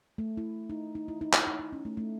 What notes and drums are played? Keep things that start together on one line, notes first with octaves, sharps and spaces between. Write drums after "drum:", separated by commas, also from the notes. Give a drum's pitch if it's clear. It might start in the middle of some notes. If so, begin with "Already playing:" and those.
A3
E4
D#4
D#4
E4
D#4
E4, drum: clap
D#4
D#4
C#4
A3
A3